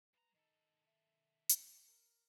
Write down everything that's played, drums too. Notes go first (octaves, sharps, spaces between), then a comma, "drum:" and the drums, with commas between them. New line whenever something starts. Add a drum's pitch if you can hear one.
G2 B4 A#5
D#3 D#4 A4
E5
drum: hi-hat
A#4